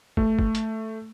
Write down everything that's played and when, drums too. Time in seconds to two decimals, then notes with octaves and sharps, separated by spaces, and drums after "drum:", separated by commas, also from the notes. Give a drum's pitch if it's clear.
0.17 A3, drum: kick
0.39 drum: kick
0.55 drum: hi-hat